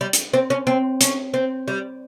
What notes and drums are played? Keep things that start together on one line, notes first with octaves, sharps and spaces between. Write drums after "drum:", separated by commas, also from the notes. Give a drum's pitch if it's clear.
G3
drum: hi-hat
C4
C#4
C4
C#4, drum: hi-hat
C4
G3